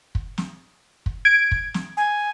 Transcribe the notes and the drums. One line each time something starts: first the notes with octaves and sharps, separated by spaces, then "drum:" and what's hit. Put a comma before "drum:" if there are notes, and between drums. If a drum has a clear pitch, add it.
drum: kick
drum: snare
drum: kick
G#6 D7
drum: kick
drum: snare
G#5